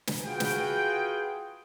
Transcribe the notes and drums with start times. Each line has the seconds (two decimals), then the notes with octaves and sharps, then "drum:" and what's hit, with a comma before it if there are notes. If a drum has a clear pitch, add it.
0.07 drum: snare
0.24 F4 F#4 G#4 B4 G5
0.40 drum: snare